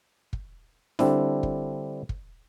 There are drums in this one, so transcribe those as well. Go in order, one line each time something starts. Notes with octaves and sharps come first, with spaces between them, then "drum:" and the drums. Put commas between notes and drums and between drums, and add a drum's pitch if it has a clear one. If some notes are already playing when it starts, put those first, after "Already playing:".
drum: kick
D3 G3 C4 D4 E4, drum: snare
drum: kick
drum: kick